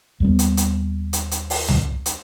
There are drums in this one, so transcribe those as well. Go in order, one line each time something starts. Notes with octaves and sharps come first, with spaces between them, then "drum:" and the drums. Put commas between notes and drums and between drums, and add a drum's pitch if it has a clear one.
D#2 G3 B3
drum: hi-hat
drum: hi-hat
drum: hi-hat
drum: hi-hat
drum: open hi-hat
drum: tom C#2
drum: hi-hat